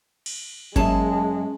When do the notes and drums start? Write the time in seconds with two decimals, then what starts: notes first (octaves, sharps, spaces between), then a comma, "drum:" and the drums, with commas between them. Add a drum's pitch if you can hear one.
0.26 drum: cymbal
0.76 F#2 G#3 A#3 C#4 G#4 E5 A5, drum: kick G1